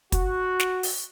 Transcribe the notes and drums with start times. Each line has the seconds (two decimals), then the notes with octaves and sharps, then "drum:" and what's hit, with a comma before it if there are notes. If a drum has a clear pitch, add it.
0.12 F#4, drum: kick, hi-hat
0.60 drum: snare
0.83 drum: open hi-hat